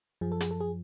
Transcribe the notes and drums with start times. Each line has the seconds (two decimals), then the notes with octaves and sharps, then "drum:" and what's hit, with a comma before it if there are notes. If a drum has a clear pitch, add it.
0.21 F#2 F3 G#4
0.32 A4
0.41 G#4, drum: hi-hat
0.51 A4
0.60 G#4